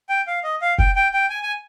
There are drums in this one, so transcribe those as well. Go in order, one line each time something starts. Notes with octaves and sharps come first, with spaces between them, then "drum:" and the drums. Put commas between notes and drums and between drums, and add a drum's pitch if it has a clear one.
G5
F5
D#5
F5
G5, drum: kick
G5
G5
G#5
G#5